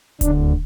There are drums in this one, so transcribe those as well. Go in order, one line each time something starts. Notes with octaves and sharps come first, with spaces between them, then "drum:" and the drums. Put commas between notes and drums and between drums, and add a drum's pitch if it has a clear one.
D2 D3 D4, drum: kick D#1, hi-hat